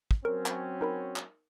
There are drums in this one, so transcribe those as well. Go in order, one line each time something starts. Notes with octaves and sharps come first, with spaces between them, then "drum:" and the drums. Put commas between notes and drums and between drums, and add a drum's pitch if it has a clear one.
drum: kick
F#3 C4 C#4 A#4
drum: clap
D#4 A#4 B5
drum: clap